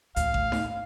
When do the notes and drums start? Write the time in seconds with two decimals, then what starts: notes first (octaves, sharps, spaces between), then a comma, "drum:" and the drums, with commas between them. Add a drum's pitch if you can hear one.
0.16 D2 A2 F5, drum: hi-hat
0.34 drum: kick A1
0.52 drum: snare D#4